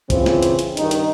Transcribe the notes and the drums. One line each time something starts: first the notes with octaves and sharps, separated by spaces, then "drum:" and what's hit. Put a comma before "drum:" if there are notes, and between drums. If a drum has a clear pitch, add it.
C#3 E3 C4 F4, drum: kick, hi-hat
drum: snare
drum: hi-hat
drum: hi-hat
G2 D#3 D#4, drum: hi-hat
drum: hi-hat